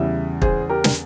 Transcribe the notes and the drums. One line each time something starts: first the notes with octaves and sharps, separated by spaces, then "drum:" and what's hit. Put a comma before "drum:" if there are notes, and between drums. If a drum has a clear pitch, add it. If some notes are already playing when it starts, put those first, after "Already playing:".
Already playing: E2 C#3 E3 G3 E5
G#4 C5, drum: kick
G4 A#4
drum: snare